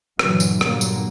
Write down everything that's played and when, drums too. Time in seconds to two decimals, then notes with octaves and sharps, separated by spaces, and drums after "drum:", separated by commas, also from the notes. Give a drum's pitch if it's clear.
0.19 G2 A#2 D3 E3 F#3, drum: rim click
0.40 drum: tambourine
0.61 G2 A#2 D3 F#3 G3 A#3, drum: rim click
0.81 drum: tambourine